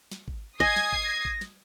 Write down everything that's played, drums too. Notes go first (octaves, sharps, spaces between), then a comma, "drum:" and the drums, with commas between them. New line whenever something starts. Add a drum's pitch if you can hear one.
drum: snare
drum: kick G#1
D#5 G#5 D#6 G#6 C7, drum: kick G#1
drum: snare
drum: kick G#1
A#6
drum: kick G#1
drum: snare